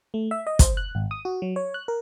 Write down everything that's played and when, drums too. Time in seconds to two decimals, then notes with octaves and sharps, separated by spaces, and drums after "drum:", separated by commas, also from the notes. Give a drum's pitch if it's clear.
0.14 A3
0.31 E5
0.47 D#5
0.59 C5, drum: kick, hi-hat
0.77 F#6
0.95 G#1
1.11 D#6
1.25 F#4
1.42 F#3
1.56 C#5
1.74 F#6
1.88 A#4